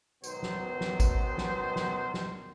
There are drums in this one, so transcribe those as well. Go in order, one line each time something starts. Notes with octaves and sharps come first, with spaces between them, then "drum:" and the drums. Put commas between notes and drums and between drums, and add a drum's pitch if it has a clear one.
G#2 B2 D#3 F#3 B3 C5, drum: tambourine
drum: snare
drum: snare
drum: kick G#1, tambourine
drum: snare
drum: snare
drum: snare